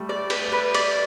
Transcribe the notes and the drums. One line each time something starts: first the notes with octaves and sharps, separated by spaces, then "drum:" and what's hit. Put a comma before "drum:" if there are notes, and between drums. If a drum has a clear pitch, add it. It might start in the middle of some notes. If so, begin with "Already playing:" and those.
Already playing: G3 A3
D5
B4, drum: cymbal
B4
D5, drum: cymbal